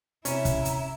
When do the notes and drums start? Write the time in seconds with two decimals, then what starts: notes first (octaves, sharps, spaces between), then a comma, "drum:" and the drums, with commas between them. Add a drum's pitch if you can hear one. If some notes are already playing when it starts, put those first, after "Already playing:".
0.25 C3 C#4 E4 E5 A#5, drum: hi-hat
0.45 drum: kick, hi-hat
0.65 drum: hi-hat